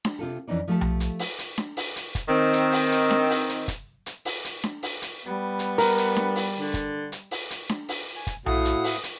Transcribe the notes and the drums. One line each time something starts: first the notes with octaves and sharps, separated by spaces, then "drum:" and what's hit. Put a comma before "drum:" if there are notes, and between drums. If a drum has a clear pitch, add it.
drum: snare D4
C3 F4 A4
F2 E3 C4 C#4 D#4 D5
F3 A3 F4 G4 A4
drum: tom B1
drum: hi-hat
drum: open hi-hat
drum: hi-hat
drum: snare D4
drum: open hi-hat
drum: hi-hat
drum: kick, hi-hat
D#3 C4
drum: hi-hat
drum: open hi-hat
drum: hi-hat
drum: snare D4
drum: open hi-hat
drum: hi-hat
drum: kick, hi-hat
drum: hi-hat
drum: open hi-hat
drum: hi-hat
drum: snare D4
drum: open hi-hat
drum: hi-hat
G3 B3
drum: hi-hat
A#4, drum: open hi-hat
drum: hi-hat
drum: snare D4
drum: open hi-hat
D3
drum: kick, hi-hat
drum: hi-hat
drum: open hi-hat
drum: hi-hat
drum: snare D4
drum: open hi-hat
G#5
drum: kick, hi-hat
A2 E4 F#4 F5 F#5 D#6, drum: tom B1
drum: hi-hat
drum: open hi-hat
drum: hi-hat